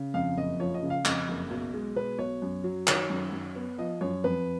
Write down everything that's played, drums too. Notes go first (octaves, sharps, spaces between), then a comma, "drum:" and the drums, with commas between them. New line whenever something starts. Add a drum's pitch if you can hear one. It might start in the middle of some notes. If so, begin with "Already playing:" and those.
Already playing: C#3
F2 F5
F#1 D#5
F3 C#5
D#5
C#3
F5
F2 D#5, drum: clap
F#1
B1
G#3
B2 B4
B1 C#5
F#2
F#3
D#3 C#5, drum: clap
F#2
F#2
B3
F3 D#5
F#2 C#5
F2 B4